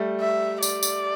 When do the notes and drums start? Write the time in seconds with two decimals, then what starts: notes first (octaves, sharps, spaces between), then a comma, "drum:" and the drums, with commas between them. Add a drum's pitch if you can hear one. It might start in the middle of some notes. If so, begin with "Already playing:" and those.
Already playing: G3 A3
0.21 E5
0.63 D5, drum: tambourine
0.83 drum: tambourine